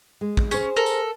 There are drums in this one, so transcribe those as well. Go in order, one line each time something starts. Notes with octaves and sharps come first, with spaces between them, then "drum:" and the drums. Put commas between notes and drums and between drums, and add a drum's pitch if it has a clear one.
G#3
drum: kick
C#4 G#4 C5, drum: tambourine
A4 A#4
drum: tambourine